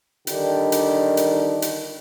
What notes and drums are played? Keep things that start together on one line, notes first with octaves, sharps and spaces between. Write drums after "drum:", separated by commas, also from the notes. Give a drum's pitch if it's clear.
D3 D#3 G3 D4 G4, drum: hi-hat
drum: hi-hat
drum: hi-hat
drum: hi-hat